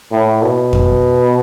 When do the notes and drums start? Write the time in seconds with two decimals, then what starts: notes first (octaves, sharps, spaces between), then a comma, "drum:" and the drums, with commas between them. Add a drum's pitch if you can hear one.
0.12 A2
0.43 B2
0.73 drum: kick F2